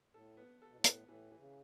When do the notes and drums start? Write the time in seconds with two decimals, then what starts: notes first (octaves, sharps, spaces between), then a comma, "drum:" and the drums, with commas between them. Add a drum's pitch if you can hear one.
0.14 A2 A4
0.37 B3
0.62 A4
0.70 B2
0.77 A2
0.84 B3, drum: hi-hat
1.08 A2 E3
1.31 E3
1.39 C#3